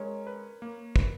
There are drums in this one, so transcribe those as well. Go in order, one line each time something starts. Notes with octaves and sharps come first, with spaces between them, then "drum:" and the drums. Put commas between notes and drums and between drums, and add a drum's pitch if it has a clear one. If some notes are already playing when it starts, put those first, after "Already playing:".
Already playing: G#3 A#4 C#5
B4
A#3
B4, drum: kick